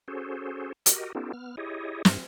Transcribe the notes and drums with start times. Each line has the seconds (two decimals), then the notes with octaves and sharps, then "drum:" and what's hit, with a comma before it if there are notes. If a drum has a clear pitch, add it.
0.08 C#4 F#4 G#4 A4 C5
0.86 F#4 G4 A#4 D#5, drum: hi-hat
1.15 B3 C#4 D#4 F4 G4 A4
1.33 B3 F6
1.57 E4 G4 G#4 C#5 D#5
2.05 G2, drum: snare